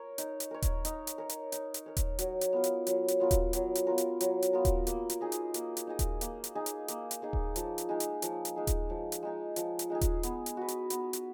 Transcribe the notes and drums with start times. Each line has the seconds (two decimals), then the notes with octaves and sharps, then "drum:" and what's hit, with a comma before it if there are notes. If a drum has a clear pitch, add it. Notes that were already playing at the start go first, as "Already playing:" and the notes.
Already playing: A#4 C#5
0.18 D#4, drum: hi-hat
0.40 drum: hi-hat
0.51 A#4 C#5
0.62 drum: kick D#1, hi-hat
0.85 D#4, drum: hi-hat
1.07 drum: hi-hat
1.18 A#4 C#5
1.29 drum: hi-hat
1.52 D#4, drum: hi-hat
1.74 drum: hi-hat
1.86 A#4 C#5
1.97 drum: kick D#1, hi-hat
2.19 F#3, drum: hi-hat
2.41 drum: hi-hat
2.53 B3 F4 A#4
2.64 drum: hi-hat
2.87 F#3, drum: hi-hat
3.08 drum: hi-hat
3.20 B3 F4 A#4
3.31 drum: kick D#1, hi-hat
3.53 F#3, drum: hi-hat
3.75 drum: hi-hat
3.87 B3 F4 A#4
3.98 drum: hi-hat
4.21 F#3, drum: hi-hat
4.42 drum: hi-hat
4.53 B3 F4 A#4
4.65 drum: kick D#1, hi-hat
4.87 A#3, drum: hi-hat
5.10 drum: hi-hat
5.21 D#4 G#4 D#5
5.32 drum: hi-hat
5.54 A#3, drum: hi-hat
5.77 drum: hi-hat
5.87 D#4 G#4 D#5
5.99 drum: kick D#1, hi-hat
6.21 A#3, drum: hi-hat
6.44 drum: hi-hat
6.55 D#4 G#4 D#5
6.66 drum: hi-hat
6.88 A#3, drum: hi-hat
7.11 drum: hi-hat
7.22 D#4 G#4 D#5
7.33 drum: kick D#1
7.56 F3, drum: hi-hat
7.78 drum: hi-hat
7.89 G#3 D#4 G#4
8.00 drum: hi-hat
8.22 F3, drum: hi-hat
8.45 drum: hi-hat
8.56 G#3 D#4 G#4
8.67 drum: kick D#1, hi-hat
8.90 F3
9.12 drum: hi-hat
9.23 G#3 D#4 G#4
9.56 F3, drum: hi-hat
9.79 drum: hi-hat
9.90 G#3 D#4 G#4
10.01 drum: kick D#1, hi-hat
10.23 B3, drum: hi-hat
10.46 drum: hi-hat
10.57 F#4 B4
10.68 drum: hi-hat
10.90 B3, drum: hi-hat
11.13 drum: hi-hat